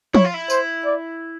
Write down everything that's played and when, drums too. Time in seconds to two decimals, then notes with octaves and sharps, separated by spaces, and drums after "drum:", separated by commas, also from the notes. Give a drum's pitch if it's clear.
0.14 E4 C#5, drum: tom
0.24 F4
0.34 E4
0.50 C5, drum: tambourine
0.85 D5